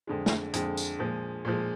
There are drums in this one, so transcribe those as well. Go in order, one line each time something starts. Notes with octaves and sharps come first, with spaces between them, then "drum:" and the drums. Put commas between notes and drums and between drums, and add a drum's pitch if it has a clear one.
F2 D3 G#3
drum: snare
F2 D3 G#3, drum: hi-hat
drum: tambourine
A#2 F3 G#3
A#2 F3 G#3